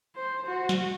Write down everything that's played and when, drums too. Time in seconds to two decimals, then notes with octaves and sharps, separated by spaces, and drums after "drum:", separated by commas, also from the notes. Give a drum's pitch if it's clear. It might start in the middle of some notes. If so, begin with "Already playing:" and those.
0.16 C5
0.47 F#4
0.69 drum: snare